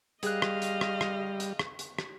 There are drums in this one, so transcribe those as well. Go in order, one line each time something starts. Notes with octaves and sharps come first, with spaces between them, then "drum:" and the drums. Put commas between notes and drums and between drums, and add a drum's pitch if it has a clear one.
G3 G#4 D#5 F5 F#6, drum: hi-hat
drum: rim click
drum: hi-hat
drum: rim click
drum: rim click
drum: hi-hat
drum: rim click
drum: hi-hat
drum: rim click